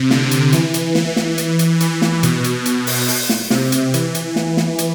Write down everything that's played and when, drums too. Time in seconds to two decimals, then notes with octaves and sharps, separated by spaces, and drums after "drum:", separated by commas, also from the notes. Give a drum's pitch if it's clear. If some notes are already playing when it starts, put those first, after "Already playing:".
Already playing: C3
0.10 D3, drum: snare
0.31 drum: hi-hat
0.52 E3, drum: hi-hat
0.74 drum: hi-hat
0.95 E3, drum: snare
1.16 drum: snare
1.38 drum: hi-hat
1.59 drum: hi-hat
1.80 E3, drum: hi-hat
2.02 drum: snare
2.23 B2, drum: hi-hat
2.44 drum: hi-hat
2.66 drum: hi-hat
2.87 drum: open hi-hat
3.08 drum: open hi-hat
3.29 drum: snare
3.50 C3, drum: snare
3.72 drum: hi-hat
3.94 E3, drum: hi-hat
4.15 drum: hi-hat
4.36 drum: snare
4.57 drum: snare
4.78 drum: hi-hat